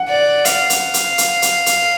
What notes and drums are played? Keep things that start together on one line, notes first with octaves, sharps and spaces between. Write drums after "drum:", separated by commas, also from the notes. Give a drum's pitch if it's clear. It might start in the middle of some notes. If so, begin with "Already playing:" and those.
Already playing: F#5
D5
F5, drum: hi-hat
drum: hi-hat
drum: hi-hat
drum: hi-hat
drum: hi-hat
drum: hi-hat